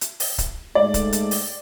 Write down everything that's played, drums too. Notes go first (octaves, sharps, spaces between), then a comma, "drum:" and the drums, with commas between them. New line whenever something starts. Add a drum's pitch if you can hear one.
drum: hi-hat
drum: open hi-hat
drum: kick C#1, hi-hat
G#2 G#3 A3 D5
drum: kick C#1, hi-hat
drum: hi-hat
drum: open hi-hat